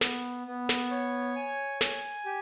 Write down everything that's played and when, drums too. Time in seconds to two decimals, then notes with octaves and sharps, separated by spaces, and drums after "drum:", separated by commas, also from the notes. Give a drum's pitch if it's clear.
0.01 B3, drum: snare
0.47 B3
0.69 drum: snare
0.91 C#5
1.36 G#5
1.81 G#5, drum: snare
2.25 G4